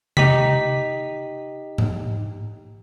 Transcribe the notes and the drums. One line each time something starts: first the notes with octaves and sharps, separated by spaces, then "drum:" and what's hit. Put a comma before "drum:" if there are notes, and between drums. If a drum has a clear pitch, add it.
D#4 G4 B6, drum: tom C3
drum: tom G#2